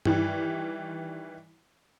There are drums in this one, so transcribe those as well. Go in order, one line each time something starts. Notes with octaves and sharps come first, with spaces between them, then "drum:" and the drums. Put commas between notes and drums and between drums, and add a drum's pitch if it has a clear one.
D#3 E3 G3 G4, drum: tom G2